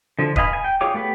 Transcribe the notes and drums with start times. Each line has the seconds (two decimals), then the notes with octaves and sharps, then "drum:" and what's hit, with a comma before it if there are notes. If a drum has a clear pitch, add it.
0.19 D3 F3
0.36 B4 D#5 F5 G#5 B5, drum: kick
0.53 G#5
0.64 G5
0.81 F4 G#4 C#5 G5 D6
0.94 A3 B3 G4 B4